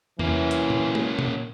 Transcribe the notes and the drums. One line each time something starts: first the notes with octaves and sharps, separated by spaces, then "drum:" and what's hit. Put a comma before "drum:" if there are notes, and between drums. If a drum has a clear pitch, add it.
E3 A#3 C#4, drum: tom E2
drum: hi-hat
drum: tom A#2
drum: tom
drum: tom A#2